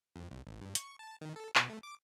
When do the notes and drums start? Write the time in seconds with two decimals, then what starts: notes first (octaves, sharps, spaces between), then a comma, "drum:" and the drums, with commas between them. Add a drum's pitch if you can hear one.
0.16 F2
0.31 C2
0.47 A1
0.61 G2
0.75 C#6, drum: hi-hat
0.99 A5
1.21 D#3
1.36 A4
1.56 B2, drum: clap
1.69 A3
1.83 D6